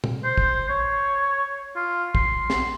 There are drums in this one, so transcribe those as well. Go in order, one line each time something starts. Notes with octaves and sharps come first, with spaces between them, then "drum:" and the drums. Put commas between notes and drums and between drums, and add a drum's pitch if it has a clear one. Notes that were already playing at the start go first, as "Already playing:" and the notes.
drum: tom
C5
drum: kick
C#5
F4
C6, drum: kick
drum: snare